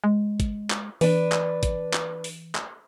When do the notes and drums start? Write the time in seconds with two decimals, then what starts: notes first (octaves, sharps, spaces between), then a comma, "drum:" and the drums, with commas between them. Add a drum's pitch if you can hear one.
0.04 G#3
0.40 drum: kick G#1, hi-hat
0.70 drum: clap
1.01 E3 D4 B4, drum: open hi-hat
1.32 drum: clap
1.63 drum: kick G#1, hi-hat
1.93 drum: clap
2.24 drum: open hi-hat
2.55 drum: clap